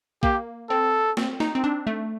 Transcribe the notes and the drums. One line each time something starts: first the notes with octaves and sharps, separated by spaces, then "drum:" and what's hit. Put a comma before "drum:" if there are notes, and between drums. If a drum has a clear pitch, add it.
A#3 G4, drum: kick
C4 A4
C4, drum: snare
D#4, drum: snare
C4
D4
A3